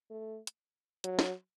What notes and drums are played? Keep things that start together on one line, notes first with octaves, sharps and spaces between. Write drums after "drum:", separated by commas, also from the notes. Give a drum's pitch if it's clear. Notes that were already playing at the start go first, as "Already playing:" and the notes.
A3
drum: hi-hat
F#3, drum: hi-hat
drum: snare